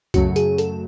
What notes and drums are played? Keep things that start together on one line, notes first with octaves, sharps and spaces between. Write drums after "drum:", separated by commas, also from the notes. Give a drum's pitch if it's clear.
F#2 C#3 F#3 A3 F#4, drum: kick C2, hi-hat
G#4, drum: hi-hat
A4, drum: hi-hat